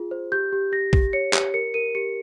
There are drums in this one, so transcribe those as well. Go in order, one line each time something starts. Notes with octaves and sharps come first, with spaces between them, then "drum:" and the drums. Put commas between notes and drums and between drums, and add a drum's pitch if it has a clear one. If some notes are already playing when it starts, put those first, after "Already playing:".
Already playing: F4 G#4
C5
G4 G6
G4
G4 A#6
G4, drum: kick
C#5 C#7
G4, drum: clap
A#4 C#7
A#4 D#7
G4 C#7